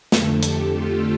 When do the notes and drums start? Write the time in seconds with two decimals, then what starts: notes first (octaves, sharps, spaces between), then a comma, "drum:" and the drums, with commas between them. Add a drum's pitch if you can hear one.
0.12 F2 D3 A3 A4, drum: snare
0.43 G4, drum: hi-hat
0.73 F4